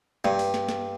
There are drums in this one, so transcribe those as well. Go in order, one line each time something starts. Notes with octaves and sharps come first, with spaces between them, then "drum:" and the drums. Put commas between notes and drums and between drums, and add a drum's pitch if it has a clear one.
G2, drum: snare
drum: open hi-hat
drum: snare
drum: snare